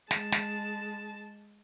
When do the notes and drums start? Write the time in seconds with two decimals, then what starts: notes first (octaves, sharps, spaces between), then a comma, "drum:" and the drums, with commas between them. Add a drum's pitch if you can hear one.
0.11 G#3 A5, drum: snare
0.32 drum: snare